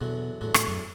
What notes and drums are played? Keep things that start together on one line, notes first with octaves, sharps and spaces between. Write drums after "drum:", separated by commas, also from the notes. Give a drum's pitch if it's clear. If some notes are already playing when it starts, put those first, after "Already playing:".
E2 B2 D3 F#3
E2 A2 D3 F#3
A2, drum: rim click
F#2